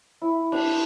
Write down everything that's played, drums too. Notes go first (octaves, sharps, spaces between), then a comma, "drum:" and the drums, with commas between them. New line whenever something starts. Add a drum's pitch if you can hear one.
E4
D4, drum: cymbal